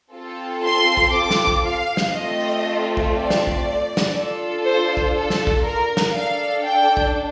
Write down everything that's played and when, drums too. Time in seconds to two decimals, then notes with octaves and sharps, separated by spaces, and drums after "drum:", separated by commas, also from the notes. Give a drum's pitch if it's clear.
0.13 C4 F4 A4
0.63 C6
0.97 drum: kick
1.13 D6
1.31 drum: snare
1.47 drum: kick
1.64 F5
1.97 drum: snare
2.14 A3 C4 F4 D#5
2.97 drum: kick
3.14 D5
3.30 drum: snare
3.47 drum: kick
3.97 drum: snare
4.14 D4 F4 A4
4.63 C5
4.97 drum: kick
5.14 A4
5.30 drum: snare
5.47 drum: kick
5.63 A#4
5.97 drum: snare
6.13 D4 A4 F5
6.64 G5
6.97 drum: kick